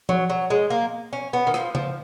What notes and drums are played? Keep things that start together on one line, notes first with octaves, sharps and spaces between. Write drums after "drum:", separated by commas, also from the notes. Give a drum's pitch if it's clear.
F#3, drum: tom F3
F#3
G#3
A#3
C#4
B3
D#3
F3, drum: rim click
F3, drum: tom C#3